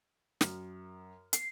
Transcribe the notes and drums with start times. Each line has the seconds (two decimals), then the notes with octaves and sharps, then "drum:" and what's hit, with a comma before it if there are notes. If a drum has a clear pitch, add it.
0.41 F#2 F6, drum: snare
1.33 C7, drum: hi-hat